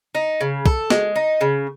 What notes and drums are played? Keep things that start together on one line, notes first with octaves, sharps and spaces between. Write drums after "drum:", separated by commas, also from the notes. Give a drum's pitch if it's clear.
D#4
C#3
A4, drum: kick
G#3, drum: snare
D#4
C#3